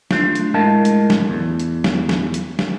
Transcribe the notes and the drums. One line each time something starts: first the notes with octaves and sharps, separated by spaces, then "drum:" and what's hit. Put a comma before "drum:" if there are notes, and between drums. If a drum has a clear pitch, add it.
A3 D4 F4, drum: snare
drum: hi-hat
A2 G#3 A#4 D#5 F5 A5
drum: hi-hat
drum: snare
E2
drum: hi-hat
drum: snare
drum: snare
drum: hi-hat
drum: snare